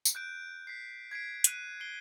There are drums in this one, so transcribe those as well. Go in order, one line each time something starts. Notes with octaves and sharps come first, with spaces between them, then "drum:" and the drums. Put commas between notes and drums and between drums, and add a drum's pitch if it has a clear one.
drum: tambourine
F#6 G6 D7
B6 C7
G#6 B6 C7 D7
F#6 D#7, drum: hi-hat
C7 D7 G7